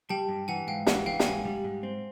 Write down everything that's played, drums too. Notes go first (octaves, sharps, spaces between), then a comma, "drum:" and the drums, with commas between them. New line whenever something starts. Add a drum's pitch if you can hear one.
G3 G5 A5
G2
E3 F#5 G#5
G#2 F5 G5
E3 F#5, drum: snare
E3 F5 G5
G5, drum: snare
G#2 F#5 G#5
G3
G#2
C4